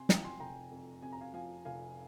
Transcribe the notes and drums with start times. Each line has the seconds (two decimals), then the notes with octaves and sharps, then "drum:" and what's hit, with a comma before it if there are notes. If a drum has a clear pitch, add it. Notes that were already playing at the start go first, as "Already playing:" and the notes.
Already playing: C3 G#5 C6
0.09 F3 G5 A#5, drum: snare
0.24 G#5 C6
0.40 F1 G5 A#5
0.71 F2
1.02 C3 G#5
1.12 A#5
1.21 F5 G#5
1.33 F3 F5 G#5
1.65 F1 F5 G#5